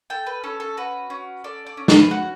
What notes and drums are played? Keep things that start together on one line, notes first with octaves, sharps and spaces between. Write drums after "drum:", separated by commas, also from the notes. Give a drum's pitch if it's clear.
A4 G5
B4
C#4 A4
A4
F#4 B4
C#4
A4 D5
D5
C#4
B4, drum: snare
F#4 F#5